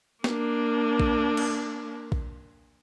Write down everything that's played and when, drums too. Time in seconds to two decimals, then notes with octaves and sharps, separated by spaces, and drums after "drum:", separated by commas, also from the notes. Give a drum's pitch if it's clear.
0.24 A#3 D4, drum: snare
1.00 drum: kick
1.37 drum: cymbal
2.12 drum: kick